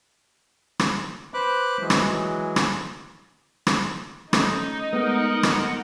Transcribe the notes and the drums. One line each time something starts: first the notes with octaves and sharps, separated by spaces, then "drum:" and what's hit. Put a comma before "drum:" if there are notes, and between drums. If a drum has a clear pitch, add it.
drum: rim click
B4 C5 B5 D6 F#6
E3 F#3 G#3
drum: rim click
drum: rim click
drum: rim click
A3 C#4 D#4, drum: rim click
G#3 A3 B3 A#4 D#5 F#5
drum: rim click